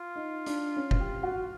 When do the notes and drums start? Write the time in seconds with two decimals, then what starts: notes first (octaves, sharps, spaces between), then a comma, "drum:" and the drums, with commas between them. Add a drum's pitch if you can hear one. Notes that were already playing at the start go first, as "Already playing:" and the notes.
Already playing: F4
0.16 D#4
0.46 D4, drum: hi-hat
0.77 C#4
0.91 drum: kick F1
1.00 G4
1.23 F#4